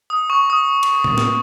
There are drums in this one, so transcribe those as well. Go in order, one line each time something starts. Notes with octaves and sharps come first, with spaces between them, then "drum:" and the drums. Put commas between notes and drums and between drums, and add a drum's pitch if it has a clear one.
D#6
C#6
D#6
drum: cymbal
drum: tom A#2
drum: snare